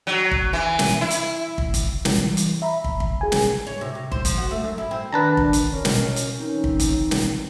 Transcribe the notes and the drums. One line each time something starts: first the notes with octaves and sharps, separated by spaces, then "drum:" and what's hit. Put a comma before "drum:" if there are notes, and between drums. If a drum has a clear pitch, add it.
F#3
drum: kick
E3
drum: snare
E4
drum: hi-hat
drum: kick
drum: kick, hi-hat
E3 G3, drum: snare
drum: hi-hat
E5 A#5 B5
drum: kick
drum: kick
G#4 G#5
drum: snare
C#5
C3
C3
C5, drum: kick
F3, drum: kick, hi-hat
F#4
A3
F#2
E4
C4
D#3 D4 B4 A5 A#5
drum: kick
drum: kick, hi-hat
B2 C#4 A#4
drum: snare
drum: hi-hat
E3 C4 D#4
drum: kick
drum: kick, hi-hat
drum: snare